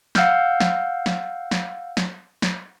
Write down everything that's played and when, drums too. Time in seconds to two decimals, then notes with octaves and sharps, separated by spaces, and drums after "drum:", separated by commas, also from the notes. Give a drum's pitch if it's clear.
0.15 F5 F#5 E6 F6 G6, drum: snare
0.60 drum: snare
1.06 drum: snare
1.51 drum: snare
1.97 drum: snare
2.42 drum: snare